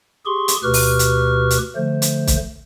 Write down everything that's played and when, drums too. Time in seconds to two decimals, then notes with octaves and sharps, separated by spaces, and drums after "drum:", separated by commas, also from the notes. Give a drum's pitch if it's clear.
0.26 G4 G#4 C6 C#6
0.48 drum: hi-hat
0.63 D2 B2 G4 B4 C#6 F6
0.74 drum: open hi-hat
0.99 drum: hi-hat
1.50 drum: hi-hat
1.76 D3 F3 A3 C5
2.02 drum: hi-hat
2.27 drum: kick, hi-hat